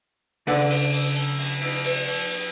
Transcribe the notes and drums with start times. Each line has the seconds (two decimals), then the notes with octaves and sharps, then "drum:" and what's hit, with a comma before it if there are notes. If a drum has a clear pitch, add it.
0.47 C#3 D4 A4 D5 F#5, drum: cymbal
0.70 drum: cymbal
0.93 drum: cymbal
1.16 drum: cymbal
1.39 drum: cymbal
1.61 drum: cymbal
1.84 drum: cymbal
2.07 drum: cymbal
2.30 drum: cymbal